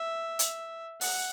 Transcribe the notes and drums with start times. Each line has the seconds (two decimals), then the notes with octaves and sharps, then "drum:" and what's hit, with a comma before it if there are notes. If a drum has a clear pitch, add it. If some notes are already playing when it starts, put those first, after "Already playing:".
Already playing: E5
0.39 drum: hi-hat
1.01 F#5, drum: open hi-hat